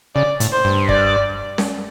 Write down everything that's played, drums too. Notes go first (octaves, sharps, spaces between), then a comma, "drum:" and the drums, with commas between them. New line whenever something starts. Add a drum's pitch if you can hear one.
C#3 D5
A2, drum: hi-hat
C5
G2
D5, drum: kick
drum: snare C#4